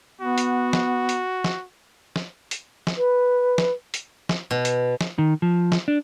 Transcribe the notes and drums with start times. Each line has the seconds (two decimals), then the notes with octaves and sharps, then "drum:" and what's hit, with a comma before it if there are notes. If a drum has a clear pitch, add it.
0.21 B3 F#4
0.38 drum: hi-hat
0.73 drum: snare
1.09 drum: hi-hat
1.44 drum: snare
2.16 drum: snare
2.51 drum: hi-hat
2.87 drum: snare
2.97 B4
3.58 drum: snare
3.94 drum: hi-hat
4.29 drum: snare
4.51 B2
4.65 drum: hi-hat
5.01 drum: snare
5.18 D#3
5.42 F3
5.72 drum: snare
5.88 D4